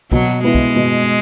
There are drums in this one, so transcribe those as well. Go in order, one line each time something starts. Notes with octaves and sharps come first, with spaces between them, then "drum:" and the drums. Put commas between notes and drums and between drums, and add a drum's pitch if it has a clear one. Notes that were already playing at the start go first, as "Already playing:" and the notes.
B2 F#3, drum: kick
G#3 B3 E4
drum: kick
B2